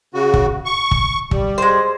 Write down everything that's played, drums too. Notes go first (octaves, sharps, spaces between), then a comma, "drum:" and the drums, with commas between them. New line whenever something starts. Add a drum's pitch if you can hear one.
C#3 F#4
drum: kick
C#6
drum: kick
G3, drum: kick
G#3 C5